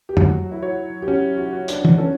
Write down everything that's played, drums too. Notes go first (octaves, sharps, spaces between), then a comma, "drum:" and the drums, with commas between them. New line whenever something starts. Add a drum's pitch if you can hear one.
G4
F#3 F#4, drum: tom
E4
F#4 C#5
G4
C#4 F#4
F#4
F#4
D4, drum: hi-hat
drum: tom
C#4 A4